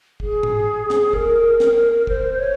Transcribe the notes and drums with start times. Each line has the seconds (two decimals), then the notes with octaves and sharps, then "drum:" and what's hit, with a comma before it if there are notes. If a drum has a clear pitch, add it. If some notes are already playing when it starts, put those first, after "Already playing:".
0.20 G#4, drum: kick
0.43 drum: tom G#2
0.90 drum: snare
1.13 A#4, drum: kick
1.60 drum: snare
2.07 C5, drum: kick
2.38 C#5